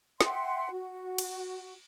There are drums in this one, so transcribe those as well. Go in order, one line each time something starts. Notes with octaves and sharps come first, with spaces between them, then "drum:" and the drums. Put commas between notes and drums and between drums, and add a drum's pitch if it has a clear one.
E5 F#5 G5 C6, drum: snare
F#4
drum: cymbal